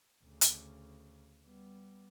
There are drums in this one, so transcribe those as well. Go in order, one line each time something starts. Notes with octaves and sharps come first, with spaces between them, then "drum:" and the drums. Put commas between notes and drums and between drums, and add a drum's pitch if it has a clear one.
D2 C#3
drum: hi-hat
G3 B3